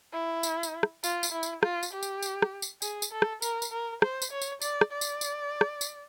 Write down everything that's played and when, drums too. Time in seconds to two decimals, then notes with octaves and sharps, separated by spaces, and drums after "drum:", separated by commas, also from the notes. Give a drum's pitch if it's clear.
0.13 E4
0.43 drum: tambourine
0.63 drum: tambourine
0.83 drum: rim click
1.04 F4, drum: tambourine
1.23 drum: tambourine
1.32 E4
1.43 drum: tambourine
1.63 F4, drum: rim click
1.83 drum: tambourine
1.93 G4
2.03 drum: tambourine
2.23 drum: tambourine
2.42 drum: rim click
2.62 drum: tambourine
2.82 G#4, drum: tambourine
3.02 drum: tambourine
3.12 A4
3.22 drum: rim click
3.42 A#4, drum: tambourine
3.62 drum: tambourine
3.72 A#4
4.02 C5, drum: rim click
4.22 drum: tambourine
4.31 C#5
4.42 drum: tambourine
4.62 D5, drum: tambourine
4.81 drum: rim click
4.92 D5
5.01 drum: tambourine
5.21 drum: tambourine
5.61 drum: rim click
5.81 drum: tambourine